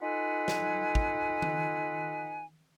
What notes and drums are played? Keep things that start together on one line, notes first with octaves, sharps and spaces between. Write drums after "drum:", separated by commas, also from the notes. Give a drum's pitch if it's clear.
D#4 F4 A4 B4 F#5 G#5
drum: snare
drum: kick
drum: tom D#3